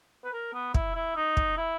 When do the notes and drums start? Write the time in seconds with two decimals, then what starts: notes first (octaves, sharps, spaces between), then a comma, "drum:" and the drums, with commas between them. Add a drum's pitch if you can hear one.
0.24 B4
0.33 A#4
0.53 B3
0.74 E4, drum: kick
0.95 E4
1.16 D#4
1.37 drum: kick
1.57 E4